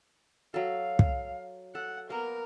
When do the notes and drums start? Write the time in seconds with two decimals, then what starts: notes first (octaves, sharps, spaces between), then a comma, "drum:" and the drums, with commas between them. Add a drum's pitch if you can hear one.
0.54 F#3 A4 F5
0.99 drum: kick
1.75 A4 F#5
2.10 A#3 B3 A#4